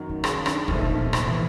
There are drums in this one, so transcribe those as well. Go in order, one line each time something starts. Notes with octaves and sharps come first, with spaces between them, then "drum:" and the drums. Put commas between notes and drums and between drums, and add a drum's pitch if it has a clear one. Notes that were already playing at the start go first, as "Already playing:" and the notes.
Already playing: F#2 D#3 F#3
A2
C#3, drum: rim click
D3, drum: rim click
B1 A#2 E3 F3 A3, drum: kick
D#3
D3
C3
C3, drum: rim click
E3